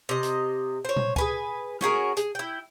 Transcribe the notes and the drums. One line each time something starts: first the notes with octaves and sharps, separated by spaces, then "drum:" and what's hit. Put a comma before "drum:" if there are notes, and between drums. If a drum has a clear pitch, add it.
C3 D#5
drum: hi-hat
C5 C#5
drum: tom A#2
G#4 B4 G#5, drum: kick C#2
C#4 F#4 G#4 A#4, drum: snare
G#4, drum: hi-hat
E4 G5